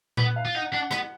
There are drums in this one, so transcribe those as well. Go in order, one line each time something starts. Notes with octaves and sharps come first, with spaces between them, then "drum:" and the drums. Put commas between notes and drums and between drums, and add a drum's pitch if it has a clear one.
B3 B4, drum: tom A#2
F5
F4
D#4 F#5
D4 F#5
B3, drum: rim click